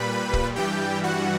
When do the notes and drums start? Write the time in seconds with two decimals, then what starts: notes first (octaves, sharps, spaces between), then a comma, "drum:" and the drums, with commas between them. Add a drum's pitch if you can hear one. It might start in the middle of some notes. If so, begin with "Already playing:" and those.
Already playing: A#2 G3 B4 B5
0.33 drum: kick
0.56 G2 E3 G3 G4 G5
1.03 F#4 F#5